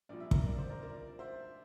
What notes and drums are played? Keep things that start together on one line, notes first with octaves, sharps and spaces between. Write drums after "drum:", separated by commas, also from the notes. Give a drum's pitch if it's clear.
A#1 A#2 G3 D5
E5
A#4 D5, drum: kick
D5
C5
A#4 D5
A#4 D5
C5 E5